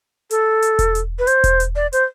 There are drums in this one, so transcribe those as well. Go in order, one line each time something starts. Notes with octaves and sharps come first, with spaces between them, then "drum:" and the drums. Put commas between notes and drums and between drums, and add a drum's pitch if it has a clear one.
A4, drum: hi-hat
drum: hi-hat
drum: kick E1, hi-hat
drum: hi-hat
B4
C5, drum: hi-hat
drum: kick E1, hi-hat
drum: hi-hat
D5
C5, drum: hi-hat